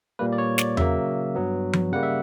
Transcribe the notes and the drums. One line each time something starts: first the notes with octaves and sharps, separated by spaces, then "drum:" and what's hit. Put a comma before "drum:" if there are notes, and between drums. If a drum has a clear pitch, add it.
A#2 G3 A#3 B4
D5
C#5
D5, drum: snare
C#3 F#3 A#3 E5, drum: tom E2
G2 F#3 B3
drum: tom F3
C#3 G3 A#3 F#5
E5